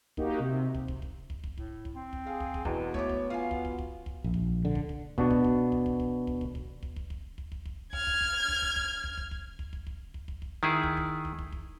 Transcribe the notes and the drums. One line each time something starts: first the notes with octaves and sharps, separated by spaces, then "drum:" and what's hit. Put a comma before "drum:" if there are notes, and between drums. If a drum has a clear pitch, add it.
A#3 D#4 F#4 G4, drum: kick
C3
drum: kick
drum: kick
drum: kick
drum: kick
drum: kick
A2, drum: kick
drum: kick
C4
drum: kick
G#4 F5
drum: kick
drum: kick
E2 B2 B3 F#4, drum: kick
A3 C#5 D6, drum: kick
drum: kick
F4 F5 G#5
drum: kick
drum: kick
drum: kick
drum: kick
A#1
drum: kick
D3
drum: kick
drum: kick
B2 B3 D4 F#4, drum: kick
drum: kick
drum: kick
drum: kick
drum: kick
drum: kick
drum: kick
drum: kick
drum: kick
drum: kick
drum: kick
drum: kick
drum: kick
drum: kick
drum: kick
F6 G#6, drum: kick
drum: kick
drum: kick
drum: kick
drum: kick
drum: kick
drum: kick
drum: kick
drum: kick
drum: kick
drum: kick
drum: kick
drum: kick
drum: kick
drum: kick
D#3 E4 G#4
drum: kick
drum: kick
drum: kick
drum: kick
drum: kick